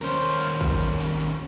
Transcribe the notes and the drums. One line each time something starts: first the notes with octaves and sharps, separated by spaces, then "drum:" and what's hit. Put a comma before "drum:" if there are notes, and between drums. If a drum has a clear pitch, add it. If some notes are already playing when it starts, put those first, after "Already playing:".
D#2 C#4 A#4 C5, drum: hi-hat
drum: hi-hat
drum: hi-hat
drum: kick, hi-hat
drum: hi-hat
drum: hi-hat
drum: hi-hat